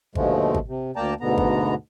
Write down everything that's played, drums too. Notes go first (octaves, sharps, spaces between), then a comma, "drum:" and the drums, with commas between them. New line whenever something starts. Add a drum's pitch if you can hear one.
D#2 B2 D3 F3 G#3 A3, drum: kick G#1
drum: kick G#1
C3
D2 A#3 D5 G5 A5 A#5
D2 G#2 B2 D3 B3 A#5
drum: kick G#1